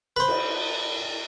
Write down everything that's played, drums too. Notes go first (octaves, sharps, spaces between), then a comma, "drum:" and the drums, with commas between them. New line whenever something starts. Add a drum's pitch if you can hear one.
B4 C5
drum: cymbal